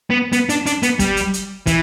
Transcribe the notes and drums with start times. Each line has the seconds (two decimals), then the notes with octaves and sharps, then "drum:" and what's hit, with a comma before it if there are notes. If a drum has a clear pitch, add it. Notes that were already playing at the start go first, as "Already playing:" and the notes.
0.10 B3
0.32 B3, drum: hi-hat
0.49 D4, drum: hi-hat
0.66 D4, drum: hi-hat
0.83 B3, drum: hi-hat
1.00 G3, drum: kick, hi-hat
1.17 drum: hi-hat
1.34 drum: hi-hat
1.67 E3, drum: kick, hi-hat